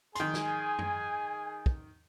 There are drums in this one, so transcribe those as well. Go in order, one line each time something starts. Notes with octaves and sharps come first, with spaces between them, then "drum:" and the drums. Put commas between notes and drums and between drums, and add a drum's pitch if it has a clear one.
D#3 G#4 G#5 C6, drum: hi-hat
drum: snare
drum: tom F#2
drum: kick